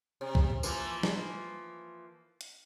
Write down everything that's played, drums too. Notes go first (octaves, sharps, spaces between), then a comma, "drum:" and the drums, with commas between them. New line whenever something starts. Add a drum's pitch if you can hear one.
C3
drum: kick
E3 F3 A#3, drum: tambourine
drum: snare
drum: hi-hat